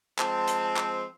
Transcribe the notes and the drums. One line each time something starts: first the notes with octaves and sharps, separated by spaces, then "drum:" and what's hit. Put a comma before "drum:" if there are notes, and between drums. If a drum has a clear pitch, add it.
F3 G#3 C4 A5, drum: clap
drum: hi-hat
drum: clap